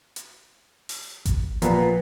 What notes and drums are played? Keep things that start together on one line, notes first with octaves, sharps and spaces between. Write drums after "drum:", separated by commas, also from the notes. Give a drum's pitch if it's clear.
drum: hi-hat
drum: open hi-hat
drum: kick G#1, hi-hat
A#2 F3 B3, drum: hi-hat